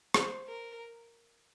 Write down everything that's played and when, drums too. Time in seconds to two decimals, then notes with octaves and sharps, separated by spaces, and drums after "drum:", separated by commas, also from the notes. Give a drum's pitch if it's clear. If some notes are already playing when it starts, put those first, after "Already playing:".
0.14 C5, drum: rim click
0.47 A#4